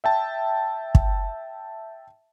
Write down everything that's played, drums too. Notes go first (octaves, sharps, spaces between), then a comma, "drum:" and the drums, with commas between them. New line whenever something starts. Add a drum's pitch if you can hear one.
E5 G5 A5
drum: kick